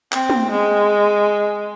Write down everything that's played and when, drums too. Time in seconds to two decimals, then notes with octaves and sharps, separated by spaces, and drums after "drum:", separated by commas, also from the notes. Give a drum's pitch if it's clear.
0.12 C4, drum: clap
0.30 drum: tom
0.51 G#3